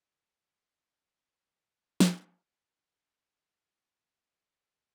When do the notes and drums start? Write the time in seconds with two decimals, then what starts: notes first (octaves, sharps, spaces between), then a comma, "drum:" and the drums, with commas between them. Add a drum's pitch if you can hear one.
1.07 F#3 A3 D#6
2.00 drum: snare
2.95 G3 F4 G4 C#5